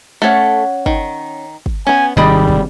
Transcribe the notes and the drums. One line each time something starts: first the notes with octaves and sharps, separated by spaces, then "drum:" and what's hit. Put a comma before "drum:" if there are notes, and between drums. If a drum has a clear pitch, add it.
A3 C#4 A4 C#5 F#5
D#3, drum: kick
drum: kick
B3 C#4 G#5
G#1 C3 D#3 G3 G#4 D5 D#5 B5
drum: kick